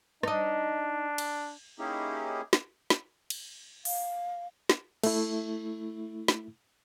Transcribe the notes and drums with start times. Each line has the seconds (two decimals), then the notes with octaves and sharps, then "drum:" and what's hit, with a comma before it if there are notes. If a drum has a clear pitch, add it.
0.23 D4 D#4 D#5, drum: rim click
1.18 drum: cymbal
1.79 A#3 C#4 D#4 E4 G4 G#4
2.53 drum: snare
2.90 drum: snare
3.30 drum: cymbal
3.85 F5, drum: open hi-hat
4.70 drum: snare
5.03 A3 E4, drum: cymbal
6.28 drum: snare